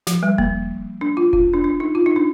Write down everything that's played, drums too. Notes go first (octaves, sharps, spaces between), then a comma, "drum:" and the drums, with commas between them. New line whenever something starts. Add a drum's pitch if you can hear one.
F3, drum: snare
G3
A#3, drum: kick E1
D4
F4
F4, drum: kick E1
D4
D4
D#4
F4
D#4
D4